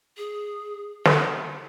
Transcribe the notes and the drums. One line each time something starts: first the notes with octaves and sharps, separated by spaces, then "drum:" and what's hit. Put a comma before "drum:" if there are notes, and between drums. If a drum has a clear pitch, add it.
G#4
A4, drum: snare